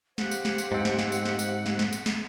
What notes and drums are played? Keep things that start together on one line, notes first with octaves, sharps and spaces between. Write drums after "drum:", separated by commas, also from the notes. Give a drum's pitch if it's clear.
G4 C5 F5 F#5, drum: snare
drum: tambourine
drum: snare
drum: tambourine
G#2 C4
drum: snare
drum: snare
drum: tambourine
drum: snare
drum: tambourine
drum: snare
drum: snare
drum: tambourine
drum: snare